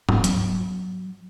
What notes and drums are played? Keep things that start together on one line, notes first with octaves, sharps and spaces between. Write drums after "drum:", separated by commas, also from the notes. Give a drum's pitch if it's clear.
D1, drum: tom
F#3, drum: hi-hat